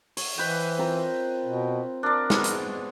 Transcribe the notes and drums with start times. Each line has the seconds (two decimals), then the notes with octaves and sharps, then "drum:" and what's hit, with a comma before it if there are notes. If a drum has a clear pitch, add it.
0.17 C#5, drum: open hi-hat
0.38 E3 B4 C5 D#5 G5
0.78 C4 F4 A#4
1.45 B2
2.03 D4 A#4 D5
2.30 G#3 B3 C5 C#5, drum: snare
2.44 drum: hi-hat